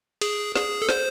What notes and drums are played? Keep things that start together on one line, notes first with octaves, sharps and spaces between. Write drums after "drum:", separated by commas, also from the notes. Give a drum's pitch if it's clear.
G#4, drum: cymbal
G#4, drum: snare
A4
C5, drum: snare